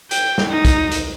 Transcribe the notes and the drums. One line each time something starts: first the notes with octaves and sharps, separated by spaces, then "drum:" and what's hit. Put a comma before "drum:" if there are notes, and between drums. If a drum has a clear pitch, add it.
G5, drum: hi-hat
drum: snare
D#4
drum: kick, hi-hat
drum: hi-hat